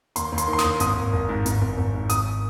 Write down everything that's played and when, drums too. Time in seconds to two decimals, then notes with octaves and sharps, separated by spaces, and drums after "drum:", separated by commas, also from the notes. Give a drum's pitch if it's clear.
0.16 D#2 C6, drum: hi-hat
0.32 D#2
0.38 C6, drum: hi-hat
0.48 D#3
0.53 C6
0.58 D#6, drum: snare
0.64 D#2
0.80 G#1 D#6, drum: hi-hat
0.96 G#1
1.13 G#1
1.29 G#2
1.46 G#1, drum: hi-hat
1.62 G#1
1.77 G#1
1.94 G#2
2.10 G#1 D#6, drum: hi-hat